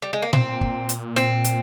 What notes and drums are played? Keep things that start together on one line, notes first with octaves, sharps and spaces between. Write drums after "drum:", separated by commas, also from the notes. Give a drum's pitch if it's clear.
G3
G#3
A#3
A#2 C4, drum: tom A#2
drum: kick
drum: hi-hat
C4, drum: snare
drum: hi-hat